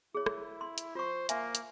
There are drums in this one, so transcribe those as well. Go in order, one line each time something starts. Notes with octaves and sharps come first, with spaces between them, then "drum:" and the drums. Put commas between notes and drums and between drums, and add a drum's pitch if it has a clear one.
E4 G#4 C#5
drum: rim click
C6
drum: hi-hat
F4 C5 C#6
A#3 E5 G#5, drum: hi-hat
drum: hi-hat